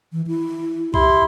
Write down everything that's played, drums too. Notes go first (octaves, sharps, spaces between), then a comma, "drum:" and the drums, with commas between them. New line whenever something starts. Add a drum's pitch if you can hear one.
E3
E4
E4 G4 C6, drum: kick C2